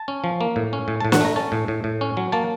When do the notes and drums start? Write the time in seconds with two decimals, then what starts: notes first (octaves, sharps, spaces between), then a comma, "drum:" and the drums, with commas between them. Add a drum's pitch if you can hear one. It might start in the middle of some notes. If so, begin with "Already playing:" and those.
Already playing: A5
0.08 C#4
0.24 F3
0.41 A#3
0.56 A2
0.73 C#4
0.88 A2
1.00 A5
1.05 A2
1.12 F#5, drum: snare
1.21 A3 A#5
1.36 C#4 A5
1.52 A2
1.68 A2
1.84 A2
2.01 C#4
2.17 F#3
2.32 A#3 A5